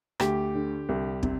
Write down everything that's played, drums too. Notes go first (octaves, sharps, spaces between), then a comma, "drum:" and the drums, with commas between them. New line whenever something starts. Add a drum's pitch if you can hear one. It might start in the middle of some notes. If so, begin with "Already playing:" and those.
D2 G4, drum: rim click
D3
C2
C3, drum: kick